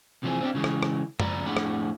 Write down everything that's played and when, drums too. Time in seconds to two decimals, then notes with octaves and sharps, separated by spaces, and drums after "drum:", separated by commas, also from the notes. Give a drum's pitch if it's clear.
0.23 C3 E3 F3 C4 G#4
0.41 C4 D4 G4
0.55 C#3 E3 G#3
0.64 drum: rim click
0.83 drum: rim click
1.20 C#2 F3 D5 A#5 B5, drum: tom F#2
1.46 F2 A2 D4 G#4 F#5 B5
1.57 drum: rim click